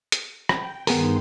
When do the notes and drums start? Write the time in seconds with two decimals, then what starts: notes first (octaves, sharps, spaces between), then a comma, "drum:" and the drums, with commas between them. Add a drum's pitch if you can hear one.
0.12 drum: hi-hat
0.49 G5, drum: rim click
0.87 G2 D#3 B3 G#4 A#4 C6, drum: open hi-hat